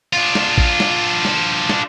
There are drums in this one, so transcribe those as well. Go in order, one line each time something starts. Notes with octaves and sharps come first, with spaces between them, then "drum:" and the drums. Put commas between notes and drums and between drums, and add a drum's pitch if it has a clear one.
D4 F4
drum: snare
drum: kick A1
drum: snare
drum: snare
drum: snare